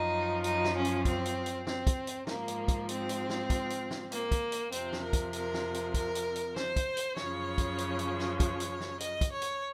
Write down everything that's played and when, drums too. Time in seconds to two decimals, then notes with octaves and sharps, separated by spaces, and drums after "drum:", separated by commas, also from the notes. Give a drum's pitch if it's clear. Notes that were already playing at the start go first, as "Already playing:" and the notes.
Already playing: F#2 F3 D#4
0.44 D#4, drum: hi-hat
0.64 drum: snare
0.75 C#4
0.85 drum: hi-hat
1.05 C4, drum: kick, hi-hat
1.25 drum: hi-hat
1.46 drum: hi-hat
1.67 C4, drum: snare
1.87 drum: kick, hi-hat
2.07 drum: hi-hat
2.27 G#2 F3 A#3, drum: snare
2.48 drum: hi-hat
2.68 drum: kick, hi-hat
2.89 C4, drum: hi-hat
3.09 drum: hi-hat
3.29 drum: snare
3.50 drum: kick, hi-hat
3.70 drum: hi-hat
3.91 drum: snare
4.12 A#3, drum: hi-hat
4.31 drum: kick, hi-hat
4.52 drum: hi-hat
4.72 F2 C3 F3 C4, drum: hi-hat
4.93 drum: snare
5.02 A#4
5.13 drum: kick, hi-hat
5.33 A#4, drum: hi-hat
5.54 drum: snare
5.74 drum: hi-hat
5.94 A#4, drum: kick, hi-hat
6.15 drum: hi-hat
6.36 drum: hi-hat
6.56 C5, drum: snare
6.76 drum: kick, hi-hat
6.97 drum: hi-hat
7.17 F#2 C#3 F3 C#5, drum: snare
7.58 drum: kick, hi-hat
7.78 drum: hi-hat
7.99 drum: hi-hat
8.19 drum: snare
8.40 C#5, drum: kick, hi-hat
8.60 drum: hi-hat
8.80 drum: snare
9.00 D#5, drum: hi-hat
9.21 drum: kick, hi-hat
9.31 C#5
9.42 drum: hi-hat